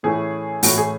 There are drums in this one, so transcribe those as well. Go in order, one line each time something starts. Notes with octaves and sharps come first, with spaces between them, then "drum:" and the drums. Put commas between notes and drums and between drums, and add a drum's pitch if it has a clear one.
A2 E3 A3 C#4 E4 G#4
A2 E3 A3 C#4 E4 F#4, drum: open hi-hat
G#4